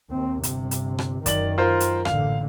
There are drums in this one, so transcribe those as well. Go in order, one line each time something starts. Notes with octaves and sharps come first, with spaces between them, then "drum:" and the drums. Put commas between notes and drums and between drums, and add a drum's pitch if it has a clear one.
D#2 C4
G1 C3, drum: hi-hat
drum: hi-hat
drum: rim click
F#2 D#3 D5 F#7, drum: kick, hi-hat
F4 A#4 C5
drum: hi-hat
A1 A#2 D3 F5, drum: rim click